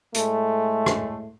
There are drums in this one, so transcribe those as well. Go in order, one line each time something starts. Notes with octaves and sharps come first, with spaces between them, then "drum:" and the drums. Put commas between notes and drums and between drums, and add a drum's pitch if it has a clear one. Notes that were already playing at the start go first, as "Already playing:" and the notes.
A2 G#3 A3, drum: hi-hat
drum: rim click